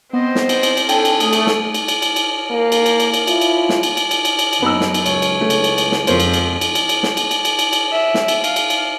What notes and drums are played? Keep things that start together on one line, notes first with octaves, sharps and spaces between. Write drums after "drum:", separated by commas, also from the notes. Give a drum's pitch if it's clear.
B3 C4 C5 D#5
drum: snare
drum: cymbal
drum: cymbal
drum: cymbal
D3 A4 G5 G#5, drum: cymbal
drum: cymbal
A3 D#6, drum: cymbal
drum: cymbal
drum: snare
drum: cymbal
drum: cymbal
drum: cymbal
drum: cymbal
A#3
drum: cymbal
drum: cymbal
drum: cymbal
drum: cymbal
E4 F4, drum: cymbal
drum: cymbal
drum: snare
drum: cymbal
drum: cymbal
drum: cymbal
drum: cymbal
drum: cymbal
drum: cymbal
F#2 B3 D#4 E6
drum: snare
drum: cymbal
C#2 C#5, drum: cymbal
drum: cymbal
A3
drum: cymbal
drum: cymbal
drum: cymbal
drum: snare
F2 A#4 C5 C#5, drum: cymbal
drum: cymbal
drum: cymbal
drum: cymbal
drum: cymbal
drum: cymbal
drum: snare
drum: cymbal
drum: cymbal
drum: cymbal
drum: cymbal
drum: cymbal
E5
drum: snare
drum: cymbal
F5, drum: cymbal
drum: cymbal
drum: cymbal